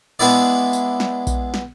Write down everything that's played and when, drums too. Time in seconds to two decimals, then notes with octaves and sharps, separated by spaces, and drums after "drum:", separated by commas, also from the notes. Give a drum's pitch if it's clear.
0.19 G#3 B3 D4 E4 D5
0.73 drum: tambourine
1.00 drum: snare
1.27 drum: kick A#1, tambourine
1.54 drum: snare